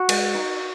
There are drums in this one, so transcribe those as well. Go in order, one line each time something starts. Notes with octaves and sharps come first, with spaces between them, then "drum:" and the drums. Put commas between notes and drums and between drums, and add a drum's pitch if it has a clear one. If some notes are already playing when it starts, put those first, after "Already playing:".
Already playing: F#4
G#3, drum: cymbal
D#4